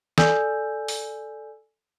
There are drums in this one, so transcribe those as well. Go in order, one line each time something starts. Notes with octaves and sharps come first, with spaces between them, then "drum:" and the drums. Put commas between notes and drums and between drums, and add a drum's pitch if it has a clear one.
A4 D5 G#5 E6 G6, drum: snare
drum: open hi-hat